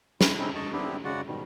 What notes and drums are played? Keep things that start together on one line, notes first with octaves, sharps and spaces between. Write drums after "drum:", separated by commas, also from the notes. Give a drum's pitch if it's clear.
G#3 E4, drum: snare
C3 C4 C#4 D#4 E4
D#5 A5 C#6
B3 C4 D4 E4 G4
C#3 G#3 F#4 D5 F#5
G#2 B2 D#3 G3